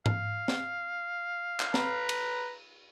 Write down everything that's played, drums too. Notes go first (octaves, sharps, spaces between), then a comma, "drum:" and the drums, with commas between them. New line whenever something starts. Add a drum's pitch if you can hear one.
F5, drum: tom G#2
drum: snare
drum: clap
B4 A#5, drum: snare
drum: cymbal